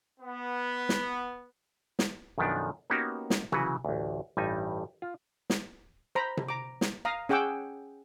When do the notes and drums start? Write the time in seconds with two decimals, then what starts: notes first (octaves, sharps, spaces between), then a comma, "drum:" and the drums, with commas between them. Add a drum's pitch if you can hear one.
0.20 B3
0.89 drum: snare
1.99 drum: snare
2.38 B1 F#2 D#3 F3 B3 D4
2.90 A#3 B3 C#4 D#4 F#4 G4
3.30 drum: snare
3.52 C#3 E3 F#3 F#4 B4, drum: tom C3
3.85 A1 D2
4.37 A1 G2 G3 D#4 G#5
5.02 F4
5.50 drum: snare
6.15 C5 A#5 B5
6.37 drum: tom C3
6.49 A#5 D6
6.81 drum: snare
7.05 F5 A#5 D#6
7.29 C#4 G#4 F#5 G5 D6 E6